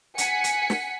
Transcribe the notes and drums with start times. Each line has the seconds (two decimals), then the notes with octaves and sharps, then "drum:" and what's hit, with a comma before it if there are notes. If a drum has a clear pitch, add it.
0.18 F#5 G#5 B6 C#7, drum: hi-hat
0.44 drum: hi-hat
0.70 drum: snare